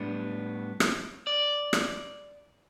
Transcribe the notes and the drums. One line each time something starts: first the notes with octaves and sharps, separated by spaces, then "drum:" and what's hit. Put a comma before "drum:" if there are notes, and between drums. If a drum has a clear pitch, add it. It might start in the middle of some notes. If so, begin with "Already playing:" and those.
Already playing: A2 G3 B3 D4
drum: rim click
D5
drum: rim click